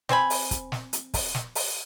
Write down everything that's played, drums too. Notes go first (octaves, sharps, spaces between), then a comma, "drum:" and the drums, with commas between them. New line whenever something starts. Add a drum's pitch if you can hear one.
C4 C5 G#5 B5, drum: snare
drum: open hi-hat
drum: kick, hi-hat
drum: snare
drum: hi-hat
drum: kick, open hi-hat
drum: snare
drum: open hi-hat